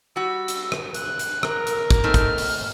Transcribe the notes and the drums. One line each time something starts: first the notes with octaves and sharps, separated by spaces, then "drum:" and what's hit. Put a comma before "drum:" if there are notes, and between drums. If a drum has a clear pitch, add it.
G3 F#4 E6
drum: hi-hat
drum: rim click
F#6, drum: hi-hat
drum: hi-hat
A#4, drum: rim click
drum: hi-hat
drum: kick, hi-hat
A3 C4 D#4 F6
drum: kick, hi-hat
drum: open hi-hat